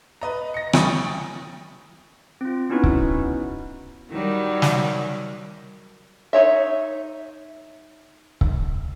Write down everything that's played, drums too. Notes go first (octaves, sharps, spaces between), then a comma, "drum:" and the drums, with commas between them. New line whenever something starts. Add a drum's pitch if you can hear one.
B4 D#5 A#5
A#6 C#7
G5 G#5 B5 C#6 D#6 A6, drum: rim click
C4 F4
B3 C#4 D#4 E4 F#4 B4
drum: kick C#1
D#3 F#3 G3
drum: snare
D#4 C#5 E5
drum: kick C#1